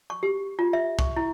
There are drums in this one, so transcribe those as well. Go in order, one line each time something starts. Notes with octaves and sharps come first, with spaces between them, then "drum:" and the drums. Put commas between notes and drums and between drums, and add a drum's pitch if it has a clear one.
C#6
G4
F4
E5
C#6, drum: kick
E4